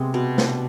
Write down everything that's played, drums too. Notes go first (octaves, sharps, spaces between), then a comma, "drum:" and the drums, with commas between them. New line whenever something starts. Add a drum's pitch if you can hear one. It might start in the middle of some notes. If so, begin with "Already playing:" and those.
Already playing: C3 G#3 B3
B2
D4, drum: snare